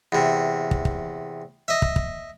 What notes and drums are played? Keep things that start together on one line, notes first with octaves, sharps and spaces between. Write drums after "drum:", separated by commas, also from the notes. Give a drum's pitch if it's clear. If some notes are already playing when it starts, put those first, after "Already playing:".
E2 C3
drum: kick
drum: kick
D#5 E5
drum: kick
drum: kick